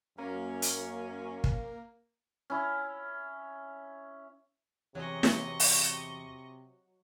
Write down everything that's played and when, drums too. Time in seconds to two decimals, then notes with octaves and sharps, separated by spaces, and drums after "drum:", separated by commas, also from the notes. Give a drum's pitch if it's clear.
0.18 F#2 A#3 C#4
0.62 drum: hi-hat
1.44 drum: kick
2.50 C#4 E4
4.95 E2 C3 E3 F#3 G#4 D#5 C#6
5.23 drum: snare
5.60 drum: open hi-hat